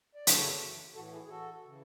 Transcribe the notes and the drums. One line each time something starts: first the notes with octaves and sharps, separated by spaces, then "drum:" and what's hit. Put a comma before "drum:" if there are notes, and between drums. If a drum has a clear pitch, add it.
D5
F#2 C#3 E3 A4 C#5, drum: hi-hat
A2 E3 F#4 A4
E4 G#4
G#4
F#4 A4
C#3 E3